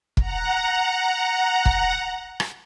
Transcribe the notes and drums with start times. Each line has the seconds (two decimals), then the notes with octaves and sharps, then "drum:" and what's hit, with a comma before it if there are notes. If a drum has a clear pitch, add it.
0.17 F#5 A#5, drum: kick
1.66 drum: kick
2.40 drum: rim click